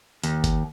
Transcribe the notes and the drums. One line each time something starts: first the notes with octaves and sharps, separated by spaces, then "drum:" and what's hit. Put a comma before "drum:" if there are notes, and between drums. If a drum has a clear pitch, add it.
D#2, drum: hi-hat
drum: kick, hi-hat